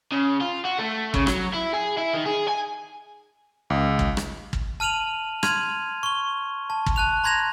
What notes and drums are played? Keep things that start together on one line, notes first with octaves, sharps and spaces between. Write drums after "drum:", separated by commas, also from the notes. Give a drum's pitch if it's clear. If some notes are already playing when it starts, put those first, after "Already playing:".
C#3
F4
F#4
A3
C#3, drum: kick
F#3, drum: rim click
E4
G#4
E4
D#3
G#4
G#5
C#2
drum: kick
drum: rim click
drum: kick
A5 F6 D#7 F7 F#7
C6 F6 G#6 D#7 F7, drum: rim click
C#6 G7
A5
drum: kick
A5 F#6 F7
A#5 C6 G#6 A#6 F7